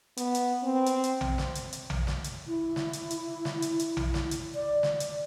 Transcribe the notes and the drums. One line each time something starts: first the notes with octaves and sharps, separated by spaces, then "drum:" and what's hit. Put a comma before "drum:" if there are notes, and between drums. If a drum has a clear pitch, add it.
B3, drum: hi-hat
drum: hi-hat
C4
drum: hi-hat
drum: hi-hat
drum: tom A#1
drum: snare
drum: hi-hat
drum: hi-hat
drum: tom A#1
drum: snare
drum: hi-hat
E4
drum: snare
drum: hi-hat
drum: hi-hat
drum: snare
drum: hi-hat
drum: hi-hat
drum: tom A#1
drum: snare
drum: hi-hat
D5
drum: snare
drum: hi-hat